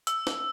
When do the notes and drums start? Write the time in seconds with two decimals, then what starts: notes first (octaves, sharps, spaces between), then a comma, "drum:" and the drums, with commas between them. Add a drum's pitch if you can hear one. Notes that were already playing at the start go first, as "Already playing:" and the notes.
0.07 E6, drum: hi-hat
0.27 drum: snare